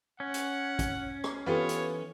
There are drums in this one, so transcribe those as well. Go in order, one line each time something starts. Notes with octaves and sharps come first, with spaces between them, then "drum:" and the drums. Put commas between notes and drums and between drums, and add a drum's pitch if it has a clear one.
C#4 F#5
drum: hi-hat
drum: kick, hi-hat
drum: rim click
E3 B3 F4 G4 A4 B4 C#5
drum: hi-hat